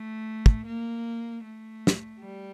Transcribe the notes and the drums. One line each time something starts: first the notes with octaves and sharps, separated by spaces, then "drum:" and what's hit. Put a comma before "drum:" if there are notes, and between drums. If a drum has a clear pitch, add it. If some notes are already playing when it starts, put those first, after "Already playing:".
Already playing: A3
drum: kick
A#3
A3
drum: snare
G3